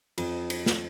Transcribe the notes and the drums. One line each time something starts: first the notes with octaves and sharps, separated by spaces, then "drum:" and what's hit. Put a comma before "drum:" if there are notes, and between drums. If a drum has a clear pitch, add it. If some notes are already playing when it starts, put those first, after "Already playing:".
F2, drum: cymbal
drum: cymbal
drum: snare